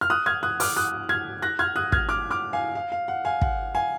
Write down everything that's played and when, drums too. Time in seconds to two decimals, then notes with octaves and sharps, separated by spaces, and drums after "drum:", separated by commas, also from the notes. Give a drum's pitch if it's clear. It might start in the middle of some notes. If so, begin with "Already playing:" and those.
0.01 F6
0.10 D#6 F#6
0.26 F6 G#6
0.43 D#6 F#6
0.60 D6 F6, drum: open hi-hat
0.77 D#6 F#6
1.09 F6 G#6
1.42 F#6 A#6
1.59 F6 G#6
1.76 D#6 F#6
1.92 F6 G#6, drum: kick
2.09 D6 F6
2.31 D6 F6
2.53 F5 G#5
2.75 F5
2.92 F5
3.08 F#5
3.25 F5 G#5
3.42 F#5, drum: kick
3.75 F5 G#5